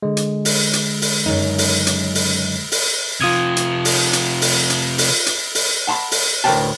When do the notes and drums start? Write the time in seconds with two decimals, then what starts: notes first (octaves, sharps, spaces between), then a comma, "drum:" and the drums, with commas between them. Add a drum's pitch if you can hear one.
0.03 D3 G#3
0.17 drum: hi-hat
0.45 drum: open hi-hat
0.73 drum: hi-hat
1.02 drum: open hi-hat
1.26 F#2 C#3 D#4
1.58 drum: open hi-hat
1.87 drum: hi-hat
2.15 drum: open hi-hat
2.72 drum: open hi-hat
3.21 C3 F3 F4 D#6 G#6
3.57 drum: hi-hat
3.85 drum: open hi-hat
4.13 drum: hi-hat
4.41 drum: open hi-hat
4.70 drum: hi-hat
4.98 drum: open hi-hat
5.26 drum: hi-hat
5.55 drum: open hi-hat
5.87 F#5 A5 B5 C6
6.11 drum: open hi-hat
6.44 D2 A2 A#4 B4 G5 A5